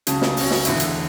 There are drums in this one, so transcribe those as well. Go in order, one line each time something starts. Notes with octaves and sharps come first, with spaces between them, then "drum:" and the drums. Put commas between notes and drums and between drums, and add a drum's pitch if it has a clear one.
C#2 C#3 F#3 C#4 A5, drum: hi-hat
drum: snare
C#2 B2 F#3 C#4, drum: open hi-hat
drum: snare
E1 E2 D3 A3 E4, drum: hi-hat
drum: hi-hat